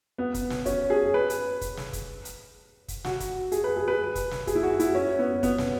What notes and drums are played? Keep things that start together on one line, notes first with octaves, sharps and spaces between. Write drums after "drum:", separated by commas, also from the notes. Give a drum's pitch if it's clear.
B3
drum: kick, hi-hat
drum: snare
C#4, drum: kick, hi-hat
G#4
B4
drum: hi-hat
drum: kick, hi-hat
drum: snare
drum: kick, hi-hat
drum: hi-hat
drum: kick, hi-hat
F#4, drum: snare
drum: kick, hi-hat
G#4, drum: hi-hat
B4
G#4
B4
drum: kick, hi-hat
drum: snare
G#4, drum: kick, hi-hat
E4
F#4
E4, drum: hi-hat
C#4
B3
B3, drum: kick, hi-hat
drum: snare